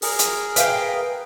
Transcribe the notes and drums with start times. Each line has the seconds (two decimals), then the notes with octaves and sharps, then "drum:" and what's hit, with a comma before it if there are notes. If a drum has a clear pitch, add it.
0.02 G#4 A#4, drum: open hi-hat
0.19 drum: hi-hat
0.56 B4 F5 G5, drum: hi-hat